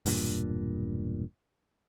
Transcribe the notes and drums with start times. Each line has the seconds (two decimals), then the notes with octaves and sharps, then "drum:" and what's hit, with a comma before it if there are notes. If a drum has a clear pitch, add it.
0.06 E1 G2 A#2, drum: open hi-hat